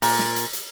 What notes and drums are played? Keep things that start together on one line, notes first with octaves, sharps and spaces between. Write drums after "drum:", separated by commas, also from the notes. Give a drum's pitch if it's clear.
A#2, drum: open hi-hat
drum: snare
drum: hi-hat
drum: hi-hat